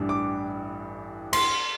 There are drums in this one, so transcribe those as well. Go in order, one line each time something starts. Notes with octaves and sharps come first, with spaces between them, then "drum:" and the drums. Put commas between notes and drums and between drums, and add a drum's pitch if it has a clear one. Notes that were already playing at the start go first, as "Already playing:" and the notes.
Already playing: A1 G2 E3 G3 D4
D6
C6, drum: cymbal